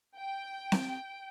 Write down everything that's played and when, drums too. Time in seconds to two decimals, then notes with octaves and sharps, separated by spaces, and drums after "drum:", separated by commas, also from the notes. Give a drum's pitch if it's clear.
0.15 G5
0.72 drum: snare C4